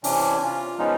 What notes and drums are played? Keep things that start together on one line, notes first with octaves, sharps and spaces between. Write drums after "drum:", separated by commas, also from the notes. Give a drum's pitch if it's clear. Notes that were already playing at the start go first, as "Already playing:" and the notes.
C3 E3 C#4 D4, drum: open hi-hat
F4
F3 G#3 B3 C#4 D#4